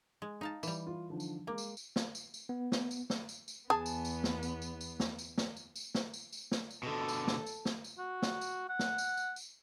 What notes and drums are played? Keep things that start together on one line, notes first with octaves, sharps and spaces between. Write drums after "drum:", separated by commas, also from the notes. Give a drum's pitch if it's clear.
G#3
D#4 D#5 F5 A5
E3 G3, drum: tambourine
F4
D3 F3 D#4
drum: tambourine
G#3 A#3 D6
drum: tambourine
drum: tambourine
drum: snare
drum: tambourine
drum: tambourine
B3
drum: snare
drum: tambourine
drum: snare
drum: tambourine
drum: tambourine
E2 B3 G#4 A5
drum: tambourine
drum: tambourine
drum: snare
drum: tambourine
drum: tambourine
drum: tambourine
drum: snare
drum: tambourine
drum: snare
drum: tambourine
drum: tambourine
drum: snare
drum: tambourine
drum: tambourine
drum: snare
drum: tambourine
B2 D3 A4
drum: tambourine
drum: snare
drum: tambourine
drum: snare
drum: tambourine
F#4
drum: snare
drum: tambourine
F#5
drum: snare
drum: tambourine
drum: tambourine
drum: tambourine